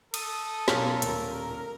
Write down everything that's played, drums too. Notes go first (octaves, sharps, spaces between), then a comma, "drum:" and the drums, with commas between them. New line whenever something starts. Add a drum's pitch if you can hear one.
A4 D#6, drum: cymbal
B1 C#4 F4 A#4 D5, drum: snare
D#1, drum: hi-hat